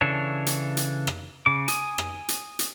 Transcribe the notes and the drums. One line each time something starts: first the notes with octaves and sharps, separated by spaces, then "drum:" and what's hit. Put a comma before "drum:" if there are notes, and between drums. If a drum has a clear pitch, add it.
C#3 E3 D4 A4 C#5
drum: hi-hat
drum: hi-hat
drum: rim click
C#3 D6
G#5 D#6, drum: hi-hat
drum: rim click
drum: hi-hat
drum: hi-hat